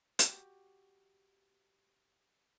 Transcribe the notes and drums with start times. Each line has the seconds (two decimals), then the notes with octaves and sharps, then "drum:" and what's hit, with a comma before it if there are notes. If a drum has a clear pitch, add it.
0.19 F#4 G4, drum: hi-hat